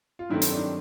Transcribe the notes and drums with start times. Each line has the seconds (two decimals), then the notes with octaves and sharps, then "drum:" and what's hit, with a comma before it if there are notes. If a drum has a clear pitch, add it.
0.19 F4
0.30 G2 D#3 F#3 A3 C4 E4
0.42 drum: hi-hat
0.52 D4